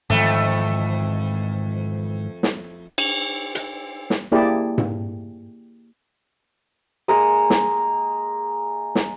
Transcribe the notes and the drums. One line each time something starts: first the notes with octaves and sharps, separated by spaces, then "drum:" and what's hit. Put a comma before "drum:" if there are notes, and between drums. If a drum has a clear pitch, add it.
F2 G#2 D#3 E3 A3
drum: snare
drum: cymbal
drum: hi-hat
drum: snare
A#3 E4 G4 G#4 D5 A5
drum: tom G#2
G#3 A#3 A#4 D#6
drum: snare
drum: snare